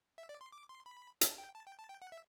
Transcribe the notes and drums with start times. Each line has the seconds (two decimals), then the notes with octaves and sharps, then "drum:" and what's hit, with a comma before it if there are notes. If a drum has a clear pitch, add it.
0.18 E5
0.29 D5
0.41 C6
0.52 D6
0.69 C6
0.86 B5
1.21 A5, drum: hi-hat
1.38 G5
1.55 A5
1.67 G5
1.79 A5
1.89 G5
2.02 F#5
2.12 E5